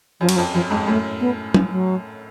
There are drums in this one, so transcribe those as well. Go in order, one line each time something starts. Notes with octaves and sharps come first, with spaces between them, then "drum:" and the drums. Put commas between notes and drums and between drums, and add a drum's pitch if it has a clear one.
F#2 F3
F#3, drum: cymbal
F2 F3
F#2 F3
F2 G#2 G#3
F#2 A2 A3
B3
C#4, drum: tom F#3
F#3